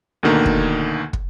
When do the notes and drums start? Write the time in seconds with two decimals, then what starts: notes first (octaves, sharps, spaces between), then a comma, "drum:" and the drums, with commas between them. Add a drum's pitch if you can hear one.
0.23 D2 B2 D3 D#3 A#3
0.45 drum: kick
1.13 drum: kick